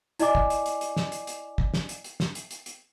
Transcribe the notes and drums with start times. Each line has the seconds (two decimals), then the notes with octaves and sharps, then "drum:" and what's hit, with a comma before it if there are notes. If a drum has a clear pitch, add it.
0.19 E4 D5 D#5 G#5 D6, drum: hi-hat
0.35 drum: kick
0.50 drum: hi-hat
0.66 drum: hi-hat
0.81 drum: hi-hat
0.97 drum: snare
1.12 drum: hi-hat
1.27 drum: hi-hat
1.58 drum: kick
1.74 drum: snare
1.89 drum: hi-hat
2.04 drum: hi-hat
2.20 drum: snare
2.35 drum: hi-hat
2.51 drum: hi-hat
2.66 drum: hi-hat